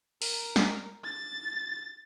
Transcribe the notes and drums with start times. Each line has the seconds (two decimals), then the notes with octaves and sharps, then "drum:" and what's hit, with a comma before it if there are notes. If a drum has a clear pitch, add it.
0.22 A#4, drum: open hi-hat
0.56 drum: snare
1.04 A6